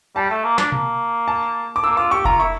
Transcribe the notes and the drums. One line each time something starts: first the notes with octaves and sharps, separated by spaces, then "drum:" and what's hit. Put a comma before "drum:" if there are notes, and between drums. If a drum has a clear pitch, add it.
G3 A5
A3
A#3
D4, drum: snare
A#3, drum: tom B2
A5
D6
A#3 E6
F4 D6
G4 C#6
F4 A#5, drum: kick F1
E4 C#6